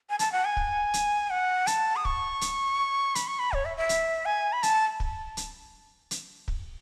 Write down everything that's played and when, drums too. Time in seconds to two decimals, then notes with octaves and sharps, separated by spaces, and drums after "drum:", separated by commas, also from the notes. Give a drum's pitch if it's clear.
0.10 G#5
0.19 A5, drum: hi-hat
0.32 F#5
0.45 G#5
0.57 drum: kick
0.94 drum: hi-hat
1.30 F#5
1.67 A5, drum: hi-hat
1.96 D#6
2.05 C#6, drum: kick
2.41 drum: hi-hat
3.15 B5, drum: hi-hat
3.27 C#6
3.39 B5
3.53 C#5, drum: kick
3.65 E5
3.77 E5
3.89 drum: hi-hat
4.25 G#5
4.52 B5
4.63 A5, drum: hi-hat
5.00 drum: kick
5.37 drum: hi-hat
6.11 drum: hi-hat
6.48 drum: kick